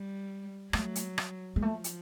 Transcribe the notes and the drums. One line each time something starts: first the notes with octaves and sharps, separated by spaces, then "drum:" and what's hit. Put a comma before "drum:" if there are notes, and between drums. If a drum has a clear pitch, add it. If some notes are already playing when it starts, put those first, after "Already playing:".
Already playing: G3
F#3 A3, drum: rim click
drum: hi-hat
drum: rim click
G#3
F3 A3
drum: hi-hat